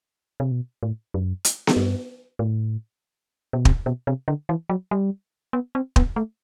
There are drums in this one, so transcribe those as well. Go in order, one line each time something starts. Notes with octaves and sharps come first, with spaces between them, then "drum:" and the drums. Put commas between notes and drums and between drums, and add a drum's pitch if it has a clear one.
C3
B2
A2
F#2
drum: hi-hat
drum: snare B3
G2
A2
B2
C3, drum: kick
B2
C3
D3
E3
F#3
G3
B3
C4
B3, drum: kick
A3